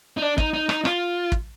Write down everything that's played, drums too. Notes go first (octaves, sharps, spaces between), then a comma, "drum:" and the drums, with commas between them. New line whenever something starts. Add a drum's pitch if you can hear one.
D#4
D4
D#4, drum: kick
D#4
D#4, drum: rim click
F4, drum: rim click
drum: kick